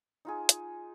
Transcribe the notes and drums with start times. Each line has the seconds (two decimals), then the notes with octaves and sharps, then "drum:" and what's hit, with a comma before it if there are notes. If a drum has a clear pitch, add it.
0.25 D#4 F4 G#4
0.49 drum: hi-hat